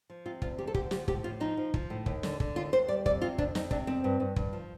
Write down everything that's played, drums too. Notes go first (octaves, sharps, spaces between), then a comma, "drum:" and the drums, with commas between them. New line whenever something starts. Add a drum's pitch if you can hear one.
F3
C3 F4
D2 F4, drum: kick
F3 G4
A4
D2 G4, drum: kick
F3 G4, drum: snare
A2 G4, drum: kick
A2 F4
F3 D#4
F3
F3, drum: kick
A2
D#2, drum: kick
D3, drum: snare
D3, drum: kick
D#2 F4
D#2 C5
G3 D5
F2 D5, drum: kick
C3 F4
F2 D4, drum: kick
F2 D#4, drum: snare
C3 D4, drum: kick
F2 C4
G2
G2
G2, drum: kick
F3